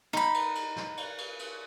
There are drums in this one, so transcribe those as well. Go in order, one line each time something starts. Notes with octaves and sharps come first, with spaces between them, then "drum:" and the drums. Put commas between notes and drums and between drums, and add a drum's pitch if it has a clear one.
D#4 B5, drum: snare
drum: cymbal
drum: cymbal
drum: snare
drum: cymbal
drum: cymbal
drum: cymbal